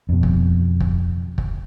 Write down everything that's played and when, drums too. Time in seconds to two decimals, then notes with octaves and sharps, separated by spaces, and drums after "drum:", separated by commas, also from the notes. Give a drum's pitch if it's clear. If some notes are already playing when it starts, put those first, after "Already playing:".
0.09 F2 B2
0.23 drum: kick
0.80 drum: kick
1.38 drum: kick